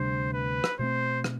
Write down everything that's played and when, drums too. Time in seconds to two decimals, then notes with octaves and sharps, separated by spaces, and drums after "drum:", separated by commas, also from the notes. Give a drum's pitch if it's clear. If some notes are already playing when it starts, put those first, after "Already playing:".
Already playing: D2 C3 G3 D4 C5
0.33 B4
0.64 drum: rim click
0.79 B2 A3 C4 C5
1.24 drum: rim click